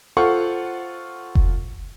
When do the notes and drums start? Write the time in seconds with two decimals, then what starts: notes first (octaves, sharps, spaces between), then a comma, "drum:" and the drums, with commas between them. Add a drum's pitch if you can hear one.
0.17 F4 A4 C5 F#5 C#6
1.35 drum: kick F1